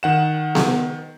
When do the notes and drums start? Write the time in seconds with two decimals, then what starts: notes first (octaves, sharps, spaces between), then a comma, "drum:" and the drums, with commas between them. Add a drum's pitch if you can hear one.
0.03 D#3 F#5 E7
0.55 drum: snare B3